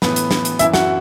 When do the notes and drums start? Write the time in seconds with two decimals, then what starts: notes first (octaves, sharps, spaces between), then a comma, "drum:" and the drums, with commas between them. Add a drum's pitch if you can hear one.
0.02 A2 E3 B3 B4, drum: snare
0.16 drum: hi-hat
0.31 drum: snare
0.45 drum: hi-hat
0.59 F#2 E3 E4 E5, drum: hi-hat
0.73 F#4 F#5, drum: snare